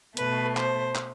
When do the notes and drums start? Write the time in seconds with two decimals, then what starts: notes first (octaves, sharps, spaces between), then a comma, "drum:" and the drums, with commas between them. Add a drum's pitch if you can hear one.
0.17 B2 A3 B4, drum: hi-hat
0.57 C5, drum: clap
0.95 drum: clap